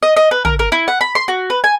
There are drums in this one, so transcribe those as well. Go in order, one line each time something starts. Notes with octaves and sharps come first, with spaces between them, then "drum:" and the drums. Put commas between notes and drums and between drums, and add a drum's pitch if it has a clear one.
D#5
D#5
B4
A#4, drum: tom
A#4
E4
F#5
B5
C6
F#4
B4
G#5